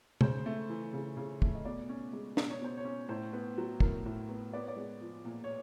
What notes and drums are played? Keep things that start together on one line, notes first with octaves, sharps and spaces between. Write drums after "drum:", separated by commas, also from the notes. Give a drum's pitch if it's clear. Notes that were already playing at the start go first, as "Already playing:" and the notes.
C#3 C5, drum: tom B2
A3
E3
C#3
C#3
A3, drum: kick
D#5
B2 D5
C#4
G#3
B2 D5, drum: snare
C#5
B2 C5
C#5
C#4
A2 C5
B3
F#3
A2 A#4, drum: kick
A2
B3
B3 D5
C#5
D5
G#3
F3
A#2
C#5